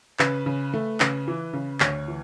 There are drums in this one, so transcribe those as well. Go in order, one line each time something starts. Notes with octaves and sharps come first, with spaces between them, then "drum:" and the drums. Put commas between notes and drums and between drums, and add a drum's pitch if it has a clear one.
C#3 B4, drum: clap
C#3
A3
C#3 B4, drum: clap
E3
C#3
D2 C#5, drum: clap
E3